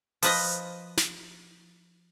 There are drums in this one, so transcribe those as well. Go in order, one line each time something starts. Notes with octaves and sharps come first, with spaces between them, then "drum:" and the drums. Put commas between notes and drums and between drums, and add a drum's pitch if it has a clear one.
F3 B4 D#5, drum: open hi-hat
drum: snare